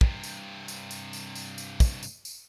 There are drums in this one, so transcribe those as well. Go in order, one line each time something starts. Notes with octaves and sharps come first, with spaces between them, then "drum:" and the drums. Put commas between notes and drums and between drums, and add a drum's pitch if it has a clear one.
G2 C3, drum: kick
drum: tambourine
drum: tambourine
drum: tambourine
drum: tambourine
drum: tambourine
drum: tambourine
drum: kick, tambourine
drum: tambourine
drum: tambourine